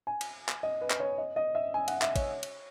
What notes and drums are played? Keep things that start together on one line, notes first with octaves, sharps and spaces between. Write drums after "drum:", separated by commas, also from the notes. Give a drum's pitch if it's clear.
G#5
drum: cymbal
drum: clap
D#5
B4
drum: clap
C#5
D#5
D#5
E5
G#5
F#5, drum: cymbal
E5, drum: clap
C#5, drum: kick A1, cymbal
drum: cymbal